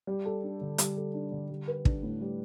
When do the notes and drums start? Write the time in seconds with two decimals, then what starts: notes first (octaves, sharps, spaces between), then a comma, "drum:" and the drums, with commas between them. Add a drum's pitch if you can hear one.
0.07 G3
0.26 A4
0.43 D4
0.61 D3
0.78 G3, drum: hi-hat
0.97 A4
1.14 D4
1.32 D3
1.50 G3
1.68 B4
1.85 D4, drum: kick
2.03 A2
2.21 G3